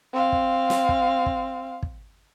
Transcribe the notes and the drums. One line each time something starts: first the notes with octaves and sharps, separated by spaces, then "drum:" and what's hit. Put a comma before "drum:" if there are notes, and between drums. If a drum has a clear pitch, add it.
C4 F5
drum: kick
drum: snare
drum: kick
drum: kick
drum: kick